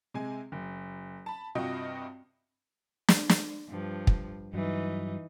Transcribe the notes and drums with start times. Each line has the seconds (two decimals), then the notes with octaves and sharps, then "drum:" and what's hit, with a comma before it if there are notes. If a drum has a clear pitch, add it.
0.14 C3 G#3 G#5
0.52 F#1
1.26 A5 B5
1.55 G2 C3 F4 F#4 D#5 G5
3.09 drum: snare
3.29 drum: snare
3.69 G2 F3
4.07 drum: kick
4.53 G2 E3 F#3 D#4